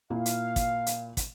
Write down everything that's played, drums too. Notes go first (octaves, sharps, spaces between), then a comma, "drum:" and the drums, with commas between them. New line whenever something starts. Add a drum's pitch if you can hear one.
A#2 A#3 E4 F5
drum: hi-hat
drum: kick, hi-hat
drum: hi-hat
drum: kick, hi-hat